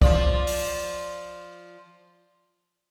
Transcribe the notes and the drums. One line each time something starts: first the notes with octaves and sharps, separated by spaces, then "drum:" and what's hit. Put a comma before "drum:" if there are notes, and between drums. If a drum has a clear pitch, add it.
F3 F4 D5, drum: kick
drum: open hi-hat